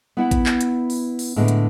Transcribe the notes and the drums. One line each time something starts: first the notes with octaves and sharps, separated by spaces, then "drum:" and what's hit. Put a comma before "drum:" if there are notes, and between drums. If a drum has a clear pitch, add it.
B3 E4 F#5
drum: kick G#1, hi-hat
drum: clap
drum: hi-hat
drum: open hi-hat
drum: open hi-hat
A2 D3 G#3 B3
drum: hi-hat